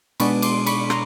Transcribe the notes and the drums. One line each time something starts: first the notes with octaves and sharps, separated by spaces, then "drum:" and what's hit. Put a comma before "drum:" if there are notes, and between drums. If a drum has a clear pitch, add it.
B2 G#3 B3 D4 B5 C#6, drum: cymbal
C6 D6, drum: cymbal
B5 C#6, drum: cymbal
A#5 C6, drum: rim click